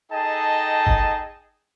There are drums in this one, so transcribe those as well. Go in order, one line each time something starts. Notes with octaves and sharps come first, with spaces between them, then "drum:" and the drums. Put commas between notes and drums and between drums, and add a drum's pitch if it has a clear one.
D#4 G#4 A4 D#5 G5 A5
drum: kick G1